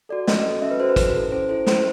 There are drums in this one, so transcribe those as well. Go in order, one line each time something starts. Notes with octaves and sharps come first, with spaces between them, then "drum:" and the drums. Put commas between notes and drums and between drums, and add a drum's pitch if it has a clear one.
F#4 A4 D5
C#4 D#5, drum: snare
F#4 A4
C#4 E5
B4
F#4 A4 C5
B4
C#4, drum: kick, hi-hat
E4 A4
C#4 C5
E4 A4 C5
C#4 C5, drum: snare